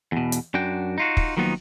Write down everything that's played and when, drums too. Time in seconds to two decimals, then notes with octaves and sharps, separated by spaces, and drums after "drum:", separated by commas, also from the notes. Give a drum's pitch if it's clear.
0.12 E2 B2
0.32 drum: hi-hat
0.54 F#2 D4 F#4 G5
0.98 D#4 F4 F#4
1.17 drum: kick
1.37 D#3 F3 F#3 A#3 B3 D#4